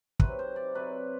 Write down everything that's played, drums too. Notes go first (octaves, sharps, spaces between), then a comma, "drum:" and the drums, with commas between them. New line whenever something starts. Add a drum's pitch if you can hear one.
C3 F#3 C4 B4, drum: kick
C5
D5
C3 F#3 C4 B4